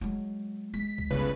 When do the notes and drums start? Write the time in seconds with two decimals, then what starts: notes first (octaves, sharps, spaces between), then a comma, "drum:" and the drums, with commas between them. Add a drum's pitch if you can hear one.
0.01 F#3 G#3
0.74 G#3 B6
0.98 drum: kick C#2
1.10 G1 C#3 B4